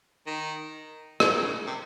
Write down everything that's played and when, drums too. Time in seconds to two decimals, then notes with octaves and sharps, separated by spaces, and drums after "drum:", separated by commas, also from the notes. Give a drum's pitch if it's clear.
0.27 D#3
1.20 C#3, drum: rim click
1.31 D#3
1.42 C#3
1.67 C3